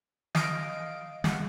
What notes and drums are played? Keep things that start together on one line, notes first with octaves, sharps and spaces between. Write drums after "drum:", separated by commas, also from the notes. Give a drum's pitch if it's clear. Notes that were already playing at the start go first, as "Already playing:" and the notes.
D#5 F5 D7, drum: snare
G3 G#3 F#5, drum: snare